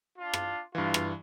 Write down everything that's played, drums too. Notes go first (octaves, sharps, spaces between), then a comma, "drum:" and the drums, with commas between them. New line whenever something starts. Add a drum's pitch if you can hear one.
D4 F4
drum: rim click
G2 E3 F4
drum: rim click